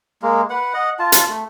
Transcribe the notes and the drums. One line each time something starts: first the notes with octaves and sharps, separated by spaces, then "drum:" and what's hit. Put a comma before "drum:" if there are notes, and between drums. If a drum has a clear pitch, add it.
G#3 A#3
B4 F#5
D#5 F#5
F4 A5
drum: hi-hat
A3